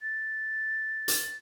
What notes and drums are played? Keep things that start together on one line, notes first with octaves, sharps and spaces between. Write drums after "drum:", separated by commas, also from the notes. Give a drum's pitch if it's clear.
A6
drum: hi-hat